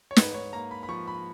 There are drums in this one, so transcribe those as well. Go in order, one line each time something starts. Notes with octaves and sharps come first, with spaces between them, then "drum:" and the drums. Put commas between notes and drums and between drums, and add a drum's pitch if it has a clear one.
C#5
G#2 B4, drum: snare
C#5
A#3 A#5
B5
B5
F3 C#6
B5